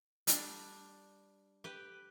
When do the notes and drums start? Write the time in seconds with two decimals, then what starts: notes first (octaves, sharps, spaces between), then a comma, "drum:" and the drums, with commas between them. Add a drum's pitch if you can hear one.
0.27 G3 D4, drum: hi-hat
1.64 G4 B4